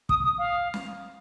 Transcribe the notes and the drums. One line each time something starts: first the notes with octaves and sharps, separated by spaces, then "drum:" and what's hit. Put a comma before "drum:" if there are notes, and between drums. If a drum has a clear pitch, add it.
D#6, drum: kick
D#6
F5
drum: snare